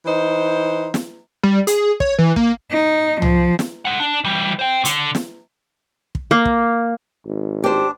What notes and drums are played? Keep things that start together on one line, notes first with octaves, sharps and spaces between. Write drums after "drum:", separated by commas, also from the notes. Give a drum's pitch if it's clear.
E3 D#4 C5
drum: snare
G3
G#4, drum: hi-hat
C#5, drum: kick
E3
A#3, drum: kick
D#4
F3, drum: tom
drum: snare
G#3 F#5
D4
E3 G3
C5 G5
D3, drum: hi-hat
drum: snare
drum: kick
A#3
drum: kick
G#1
D4 G4 C5